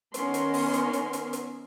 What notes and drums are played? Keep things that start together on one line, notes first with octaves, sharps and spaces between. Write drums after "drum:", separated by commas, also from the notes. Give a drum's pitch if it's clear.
D#3 B3 C#4 A#4 C6, drum: hi-hat
drum: hi-hat
drum: open hi-hat
drum: hi-hat
drum: hi-hat
drum: hi-hat
drum: hi-hat